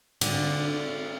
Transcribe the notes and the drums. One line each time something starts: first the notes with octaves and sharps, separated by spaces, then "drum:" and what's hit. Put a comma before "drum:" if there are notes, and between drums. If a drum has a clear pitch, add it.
D3, drum: cymbal